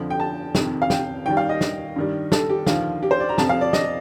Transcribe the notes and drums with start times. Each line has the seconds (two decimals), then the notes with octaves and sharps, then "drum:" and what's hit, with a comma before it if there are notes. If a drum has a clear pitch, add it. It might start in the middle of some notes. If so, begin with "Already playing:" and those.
Already playing: F2 D3 F3
0.10 G5
0.20 A5
0.55 F2 C3 D#3, drum: snare
0.82 F5
0.90 G5, drum: snare
1.26 D#2 D#3 G3 G5
1.37 F5
1.49 D#5
1.61 drum: snare
1.96 G2 D#3 G3
2.32 A4, drum: snare
2.49 G4
2.67 D#2 D3 F3 F4, drum: snare
3.03 G4
3.11 C5
3.20 D5
3.29 A#5
3.38 F2 C3 F3 A5, drum: snare
3.49 F5
3.61 D5
3.73 D#5, drum: snare